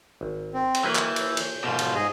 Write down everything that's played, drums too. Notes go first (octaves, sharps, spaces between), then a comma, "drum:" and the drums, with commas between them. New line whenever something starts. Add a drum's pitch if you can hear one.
G#1
C4
drum: cymbal
E3 F#3 A#3 B4 G6
drum: clap
drum: cymbal
drum: cymbal
G#2 B2 F4 A#4
drum: cymbal
G#2 G#4 D#5